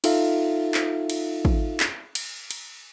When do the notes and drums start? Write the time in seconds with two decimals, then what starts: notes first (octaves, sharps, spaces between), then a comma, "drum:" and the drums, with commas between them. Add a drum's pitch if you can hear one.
0.04 D#4 F4 A4 E5 F5, drum: cymbal
0.74 drum: clap
1.10 drum: cymbal
1.45 drum: kick
1.80 drum: clap
2.15 drum: cymbal
2.51 drum: cymbal